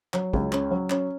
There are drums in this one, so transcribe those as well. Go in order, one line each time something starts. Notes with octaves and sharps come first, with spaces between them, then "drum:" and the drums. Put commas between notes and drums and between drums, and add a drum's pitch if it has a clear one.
F#3, drum: clap
C#2, drum: kick
C#4, drum: clap
F#3
C#4, drum: clap